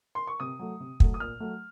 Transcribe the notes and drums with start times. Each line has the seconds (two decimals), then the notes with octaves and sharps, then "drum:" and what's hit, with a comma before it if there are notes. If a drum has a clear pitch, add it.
0.15 C6
0.27 C#6
0.40 C3 D#6
0.59 F#3 A3
0.80 C3
1.00 F#3 A3, drum: kick
1.14 D#6
1.20 A#2 F6
1.40 F#3 A3